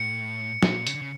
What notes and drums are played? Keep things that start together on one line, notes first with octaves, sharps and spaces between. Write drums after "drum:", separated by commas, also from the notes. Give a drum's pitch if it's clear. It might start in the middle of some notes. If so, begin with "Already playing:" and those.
Already playing: A2 C#7
A#2, drum: snare
C#3, drum: hi-hat
D3
C#3